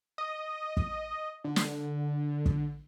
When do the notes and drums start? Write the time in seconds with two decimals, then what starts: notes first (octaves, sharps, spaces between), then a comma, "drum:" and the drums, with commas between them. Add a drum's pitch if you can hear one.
0.18 D#5
0.77 drum: kick
1.44 D3
1.56 drum: snare
2.46 drum: kick